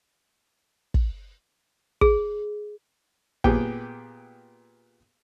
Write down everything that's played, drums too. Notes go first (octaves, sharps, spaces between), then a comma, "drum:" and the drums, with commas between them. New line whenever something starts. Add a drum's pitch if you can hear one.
drum: kick
G#4, drum: kick
A#2 B3 G4 G#4 G5, drum: kick